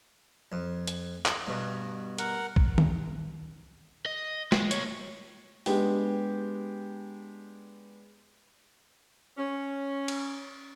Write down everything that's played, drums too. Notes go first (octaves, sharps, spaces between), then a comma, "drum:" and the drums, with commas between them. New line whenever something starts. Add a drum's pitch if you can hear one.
F2
drum: hi-hat
drum: clap
G2 B2
A#4 F#5, drum: hi-hat
drum: kick
drum: tom
D#5
G#3, drum: snare
A#3 C#5, drum: hi-hat
G#3 B3 D4 G4, drum: open hi-hat
C#4
drum: cymbal